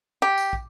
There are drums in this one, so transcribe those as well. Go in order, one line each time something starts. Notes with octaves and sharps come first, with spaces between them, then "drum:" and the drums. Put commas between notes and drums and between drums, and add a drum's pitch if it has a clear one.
G4
drum: tambourine
drum: kick